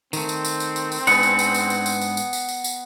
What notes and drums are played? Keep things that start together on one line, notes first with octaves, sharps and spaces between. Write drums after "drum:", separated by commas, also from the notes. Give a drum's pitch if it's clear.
D#3 A3 C4, drum: tambourine
drum: tambourine
drum: tambourine
drum: tambourine
drum: tambourine
drum: tambourine
G#2 B3 D4 B4 G#5 C#7, drum: tambourine
drum: tambourine
drum: tambourine
drum: tambourine
drum: tambourine
drum: tambourine
drum: tambourine
drum: tambourine
drum: tambourine
drum: tambourine
drum: tambourine